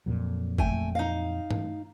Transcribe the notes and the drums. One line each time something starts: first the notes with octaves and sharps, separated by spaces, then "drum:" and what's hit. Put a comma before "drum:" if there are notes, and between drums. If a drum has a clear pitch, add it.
F2 A#2 F#3
A3 G5 G#5, drum: kick
D#4 F5
drum: tom G2